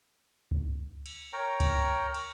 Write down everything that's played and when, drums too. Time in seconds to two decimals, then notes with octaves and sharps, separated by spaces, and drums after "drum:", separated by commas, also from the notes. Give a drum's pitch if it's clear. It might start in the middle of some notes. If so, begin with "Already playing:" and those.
0.51 drum: kick C#2
1.06 drum: cymbal
1.33 A#4 C#5 G5 A#5
1.60 drum: kick C#2, cymbal
2.14 drum: cymbal